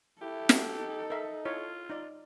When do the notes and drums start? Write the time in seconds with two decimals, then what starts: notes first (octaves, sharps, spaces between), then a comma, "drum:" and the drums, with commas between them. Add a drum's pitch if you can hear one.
0.22 E4 G4 A4
0.49 drum: snare
0.78 D#4
1.10 A#4 E5
1.45 E4 F4 C#5
1.90 D#4 D5